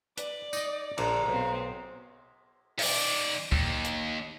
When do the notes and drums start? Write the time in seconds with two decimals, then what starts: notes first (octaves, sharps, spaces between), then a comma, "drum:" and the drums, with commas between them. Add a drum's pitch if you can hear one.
0.17 B4 D5, drum: hi-hat
0.53 D#4 D#5, drum: tambourine
0.98 A#1 D3 A#5, drum: cymbal
1.28 B1 B3 C4 F5
2.79 D#3 D5, drum: open hi-hat
3.52 D#2, drum: kick
3.84 drum: hi-hat